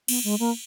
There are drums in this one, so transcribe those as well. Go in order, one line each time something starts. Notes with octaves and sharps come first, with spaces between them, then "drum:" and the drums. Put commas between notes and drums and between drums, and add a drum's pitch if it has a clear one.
B3, drum: cymbal
G#3
A#3